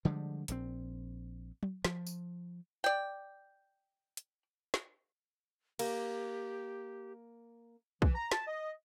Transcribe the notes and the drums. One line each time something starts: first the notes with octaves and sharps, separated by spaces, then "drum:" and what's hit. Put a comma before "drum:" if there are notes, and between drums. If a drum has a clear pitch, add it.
D3 F3 G3 G#3
A#1 F3 C4, drum: hi-hat
drum: tom F#3
F3, drum: snare
drum: tambourine
D5 G5
drum: hi-hat
drum: snare
A#3 G4, drum: cymbal
E3, drum: kick
A#5
A5, drum: snare
D#5